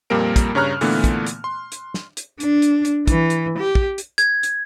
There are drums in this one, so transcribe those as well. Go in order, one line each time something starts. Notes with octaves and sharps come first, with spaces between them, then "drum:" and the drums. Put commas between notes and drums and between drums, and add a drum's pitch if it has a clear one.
F2 A#2 G3 A#3 A#4 D7
drum: kick, hi-hat
G2 C#3 C#5 A#5 F6 F#6
A#2 D3 E3 A3 B3, drum: open hi-hat
drum: kick, hi-hat
drum: hi-hat
C6
drum: hi-hat
drum: snare
drum: hi-hat
D4, drum: hi-hat
drum: hi-hat
drum: hi-hat
E3, drum: kick, hi-hat
drum: hi-hat
G4
drum: kick
drum: hi-hat
G#6, drum: hi-hat
drum: hi-hat